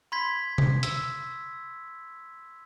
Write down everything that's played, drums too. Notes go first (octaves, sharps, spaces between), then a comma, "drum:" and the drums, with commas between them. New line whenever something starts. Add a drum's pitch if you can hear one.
B5 C6 G#6 B6
drum: tom C3
E6, drum: hi-hat